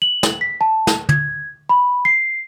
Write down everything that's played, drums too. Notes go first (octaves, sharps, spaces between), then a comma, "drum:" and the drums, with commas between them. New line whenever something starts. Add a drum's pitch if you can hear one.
F#7
drum: snare
B6
A5
drum: snare
G#6, drum: tom
B5
C7